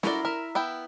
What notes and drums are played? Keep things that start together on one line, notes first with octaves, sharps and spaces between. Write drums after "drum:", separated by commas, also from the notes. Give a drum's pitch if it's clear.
E4 F#4 A#4 D5 C6, drum: snare
A#4 E5
B3 E4 G5